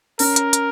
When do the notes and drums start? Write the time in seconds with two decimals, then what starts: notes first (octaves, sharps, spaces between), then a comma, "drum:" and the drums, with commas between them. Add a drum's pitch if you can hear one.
0.19 C#4 A#4, drum: open hi-hat
0.36 drum: hi-hat
0.53 drum: hi-hat